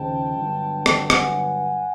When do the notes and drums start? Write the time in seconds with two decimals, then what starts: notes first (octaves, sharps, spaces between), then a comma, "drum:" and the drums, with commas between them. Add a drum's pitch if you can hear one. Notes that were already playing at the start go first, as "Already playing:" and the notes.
Already playing: D#2 C#3 F3 G#3 C4 G5 A5
0.37 G2 D3 F#3 B3
0.86 drum: rim click
1.10 F#5 G#5, drum: rim click